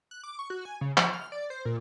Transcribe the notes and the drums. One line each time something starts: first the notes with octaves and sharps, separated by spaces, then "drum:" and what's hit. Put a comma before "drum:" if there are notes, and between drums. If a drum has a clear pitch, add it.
F#6
D6
C#6
F#4
G#5
C#3
F3, drum: clap
F6
D5
C5
A#2